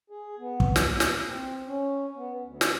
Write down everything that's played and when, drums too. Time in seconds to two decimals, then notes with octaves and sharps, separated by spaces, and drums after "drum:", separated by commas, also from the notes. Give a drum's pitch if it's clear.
0.10 G#4
0.39 B3
0.60 drum: kick
0.76 D#2, drum: snare
1.00 drum: snare
1.23 C4
1.67 C#4
2.16 B3
2.43 D2
2.61 drum: snare